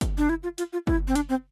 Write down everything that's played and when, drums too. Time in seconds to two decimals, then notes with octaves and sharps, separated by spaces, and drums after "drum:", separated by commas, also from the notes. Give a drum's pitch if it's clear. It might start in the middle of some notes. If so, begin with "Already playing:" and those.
0.01 drum: kick, hi-hat
0.18 D4
0.29 E4
0.43 F4
0.58 F4, drum: hi-hat
0.73 F4
0.87 E4, drum: kick
1.08 C4
1.15 D4, drum: hi-hat
1.29 C4